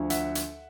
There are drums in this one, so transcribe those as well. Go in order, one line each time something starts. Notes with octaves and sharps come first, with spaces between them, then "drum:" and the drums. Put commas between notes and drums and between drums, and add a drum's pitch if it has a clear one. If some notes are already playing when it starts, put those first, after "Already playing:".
Already playing: D2 D3 F3
E5 F#5, drum: hi-hat
drum: hi-hat